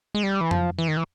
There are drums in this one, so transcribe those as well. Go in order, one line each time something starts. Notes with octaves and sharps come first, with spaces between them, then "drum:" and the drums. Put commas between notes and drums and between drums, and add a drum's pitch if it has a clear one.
G#3
G3
E3
F3, drum: tom F2
E3
D#3
E3